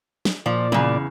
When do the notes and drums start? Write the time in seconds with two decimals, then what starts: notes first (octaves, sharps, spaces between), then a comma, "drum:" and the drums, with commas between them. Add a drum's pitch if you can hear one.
0.25 drum: snare
0.46 A#2 F3 D5
0.72 E2 C#3, drum: tom